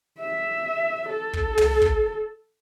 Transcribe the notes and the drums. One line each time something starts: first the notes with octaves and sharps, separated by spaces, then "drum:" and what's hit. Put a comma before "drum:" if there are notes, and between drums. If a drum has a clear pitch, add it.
E5
A4
drum: kick
drum: tom
drum: kick